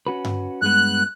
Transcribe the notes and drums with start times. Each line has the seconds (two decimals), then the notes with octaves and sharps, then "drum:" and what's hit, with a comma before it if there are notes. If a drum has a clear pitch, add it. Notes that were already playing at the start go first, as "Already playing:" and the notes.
0.07 C#4 F#4 B4
0.25 drum: tom G2
0.62 G2 G#3 B3 F#6